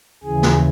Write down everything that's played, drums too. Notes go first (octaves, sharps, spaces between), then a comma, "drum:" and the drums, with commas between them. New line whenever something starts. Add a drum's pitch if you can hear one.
D#2 C#3 E3 G#4
drum: snare